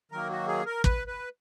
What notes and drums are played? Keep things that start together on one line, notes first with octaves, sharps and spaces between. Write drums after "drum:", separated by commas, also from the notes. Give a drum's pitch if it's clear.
D#3 F#3 A#3 A#4
F#4
G#4
A#4
B4, drum: kick
B4